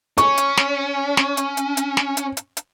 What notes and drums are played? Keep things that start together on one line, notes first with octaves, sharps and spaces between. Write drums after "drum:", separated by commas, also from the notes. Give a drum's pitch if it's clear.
C#4 C#6, drum: hi-hat
drum: hi-hat
drum: snare
drum: snare
drum: hi-hat
drum: hi-hat
drum: hi-hat
drum: snare
drum: hi-hat
drum: hi-hat
drum: hi-hat